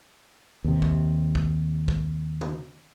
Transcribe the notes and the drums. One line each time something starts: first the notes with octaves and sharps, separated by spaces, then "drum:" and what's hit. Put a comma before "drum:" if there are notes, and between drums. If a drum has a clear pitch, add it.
D#2 C3
drum: kick
drum: kick
drum: kick
drum: tom